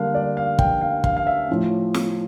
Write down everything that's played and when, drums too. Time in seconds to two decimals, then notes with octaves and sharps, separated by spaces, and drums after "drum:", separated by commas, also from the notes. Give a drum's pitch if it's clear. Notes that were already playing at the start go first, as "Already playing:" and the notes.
Already playing: D3 G3 A#3 D4 F5
0.15 D5
0.37 F5
0.59 G5, drum: kick
0.81 F5
1.04 F5, drum: kick
1.17 F5
1.27 E5
1.49 A2 F3 C#4
1.94 drum: snare